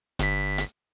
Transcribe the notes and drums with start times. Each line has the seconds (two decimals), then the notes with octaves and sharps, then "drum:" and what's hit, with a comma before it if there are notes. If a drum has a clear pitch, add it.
0.19 G1 B6, drum: hi-hat
0.58 drum: hi-hat